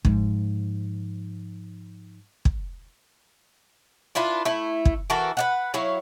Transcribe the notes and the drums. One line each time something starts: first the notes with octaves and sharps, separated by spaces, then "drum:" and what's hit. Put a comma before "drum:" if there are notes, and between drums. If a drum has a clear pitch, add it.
G#2 F3, drum: kick
drum: kick
D4 E4 F4 B4
A3 E4
drum: kick
E3 F#4 A4 A#4
B4 D5 F#5
F#3 E4 C#5 F5